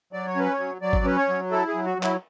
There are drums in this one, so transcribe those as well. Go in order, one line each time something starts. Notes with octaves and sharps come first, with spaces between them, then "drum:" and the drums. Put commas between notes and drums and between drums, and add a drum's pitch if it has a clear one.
F#3 D5
C#5
C#4 B4
C#5
F#3
F#3 D5
drum: kick G#1
C#4 B4
C#5
F#3
E4 A4
G#4
F#3
F#4
F#3
E4, drum: clap